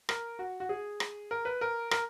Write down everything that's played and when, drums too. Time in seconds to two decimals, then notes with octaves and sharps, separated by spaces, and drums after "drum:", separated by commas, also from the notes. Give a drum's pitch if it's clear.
0.09 A#4, drum: rim click
0.39 F#4
0.60 F#4
0.69 G#4
1.00 drum: rim click
1.31 A#4
1.45 B4
1.61 A#4
1.91 A#4, drum: rim click